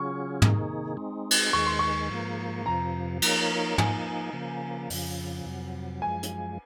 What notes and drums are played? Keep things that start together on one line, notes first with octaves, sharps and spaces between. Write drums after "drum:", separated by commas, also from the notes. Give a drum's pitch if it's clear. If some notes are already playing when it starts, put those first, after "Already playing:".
Already playing: C#3 F#3 C#4 F4 G#4 C#6
C3 D#3 A#3 D#4 G#4, drum: tom
G#3 C4 D#4
drum: cymbal
D#2 D#3 G#3 C#6
C6
C#6
G#2 F3 A#3
F2 C3 F3 A#5
F3 A#3 D#4 A#4 C#5, drum: cymbal
F3 A#3 D#4 G#5, drum: tom
C#3 F3 A#3
F2 C#3 F3, drum: open hi-hat
F2 C3 F#3
F#2 F3 G#3 G#5
drum: hi-hat